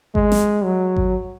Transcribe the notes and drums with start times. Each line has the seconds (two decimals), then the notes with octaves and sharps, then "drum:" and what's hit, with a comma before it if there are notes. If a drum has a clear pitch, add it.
0.15 G#3, drum: kick G#1
0.32 drum: snare
0.64 F#3
0.96 drum: kick G#1